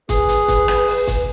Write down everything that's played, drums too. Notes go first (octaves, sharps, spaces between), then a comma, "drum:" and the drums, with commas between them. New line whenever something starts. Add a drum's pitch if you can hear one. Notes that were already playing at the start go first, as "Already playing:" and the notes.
G#4 B4, drum: kick, hi-hat
drum: hi-hat
drum: kick, hi-hat
drum: rim click
drum: open hi-hat
drum: kick, hi-hat